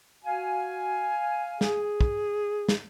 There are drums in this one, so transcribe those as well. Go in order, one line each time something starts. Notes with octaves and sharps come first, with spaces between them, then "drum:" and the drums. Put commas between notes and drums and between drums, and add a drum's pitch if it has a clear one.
F#4 F5 G#5
G#4, drum: snare
drum: kick
drum: snare